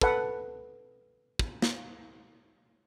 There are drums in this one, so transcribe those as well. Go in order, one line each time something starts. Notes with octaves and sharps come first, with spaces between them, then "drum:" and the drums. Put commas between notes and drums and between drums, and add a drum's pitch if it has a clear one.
A4 B4 F#5, drum: kick
drum: kick
drum: snare